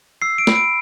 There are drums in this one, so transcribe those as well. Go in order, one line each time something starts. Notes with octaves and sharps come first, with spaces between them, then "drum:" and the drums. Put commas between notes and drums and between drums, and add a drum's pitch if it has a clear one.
E6 C7
D7
B5, drum: snare
D7